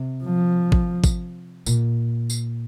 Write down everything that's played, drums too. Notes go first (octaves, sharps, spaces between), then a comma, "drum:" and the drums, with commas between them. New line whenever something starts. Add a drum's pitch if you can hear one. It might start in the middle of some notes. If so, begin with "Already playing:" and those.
Already playing: C3
F3
drum: kick
drum: kick, tambourine
A#2, drum: tambourine
drum: tambourine